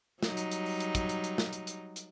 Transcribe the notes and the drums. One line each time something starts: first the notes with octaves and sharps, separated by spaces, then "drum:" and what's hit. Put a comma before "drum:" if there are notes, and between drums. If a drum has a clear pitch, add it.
F#3 G3 D#4, drum: snare
drum: hi-hat
drum: hi-hat
drum: open hi-hat
drum: hi-hat
drum: kick, hi-hat
drum: hi-hat
drum: hi-hat
drum: snare
drum: hi-hat
drum: hi-hat
drum: hi-hat